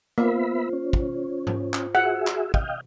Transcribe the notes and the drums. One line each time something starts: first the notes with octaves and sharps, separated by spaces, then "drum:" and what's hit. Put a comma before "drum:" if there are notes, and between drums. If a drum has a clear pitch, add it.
A#3 B3 F4 C5 E5 B5
C#4
drum: kick
drum: tom G#2
drum: clap
F#4 G#4 E5 F#5
drum: clap
D#5 F5 G5, drum: kick